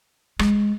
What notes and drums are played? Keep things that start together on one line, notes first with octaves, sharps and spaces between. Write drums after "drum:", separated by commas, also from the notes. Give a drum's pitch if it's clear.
G#3, drum: rim click